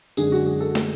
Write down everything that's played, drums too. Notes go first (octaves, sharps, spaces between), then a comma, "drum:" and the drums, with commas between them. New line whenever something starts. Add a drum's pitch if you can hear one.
F#2 D3 G#3 D4 G#4, drum: tambourine
F#4
G#4
A4
drum: snare